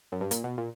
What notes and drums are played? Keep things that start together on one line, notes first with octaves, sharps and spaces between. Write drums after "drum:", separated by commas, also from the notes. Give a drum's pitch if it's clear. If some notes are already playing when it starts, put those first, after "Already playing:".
F#2
G2
A#2, drum: hi-hat
B2
A#2